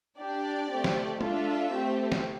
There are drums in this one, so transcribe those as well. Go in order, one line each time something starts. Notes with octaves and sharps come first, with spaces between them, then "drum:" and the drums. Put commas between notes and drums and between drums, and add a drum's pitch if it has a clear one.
D4 G4 D5
A3 C4 G4
drum: snare
D4 F4 A4 E5, drum: tom
A3 C4 G4
drum: snare